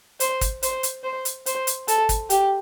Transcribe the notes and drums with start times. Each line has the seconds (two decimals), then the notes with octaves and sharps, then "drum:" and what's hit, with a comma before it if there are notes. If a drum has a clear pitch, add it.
0.20 C5, drum: hi-hat
0.41 drum: kick, hi-hat
0.63 C5, drum: hi-hat
0.83 drum: hi-hat
1.04 C5
1.25 drum: hi-hat
1.46 C5, drum: hi-hat
1.67 drum: hi-hat
1.88 A4, drum: hi-hat
2.09 drum: kick, hi-hat
2.30 G4, drum: hi-hat